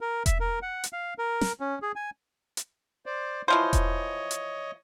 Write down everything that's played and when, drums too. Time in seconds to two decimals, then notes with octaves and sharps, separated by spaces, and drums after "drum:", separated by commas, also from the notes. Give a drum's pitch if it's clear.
0.01 A#4
0.26 E5, drum: kick E1, hi-hat
0.40 A#4
0.62 F#5
0.84 drum: hi-hat
0.93 F5
1.19 A#4
1.41 drum: snare
1.60 C#4
1.82 G#4
1.96 G#5
2.57 drum: hi-hat
3.06 C5 D5
3.48 E3 F3 C5 C#5 D#5
3.73 drum: kick E1, hi-hat
4.31 drum: hi-hat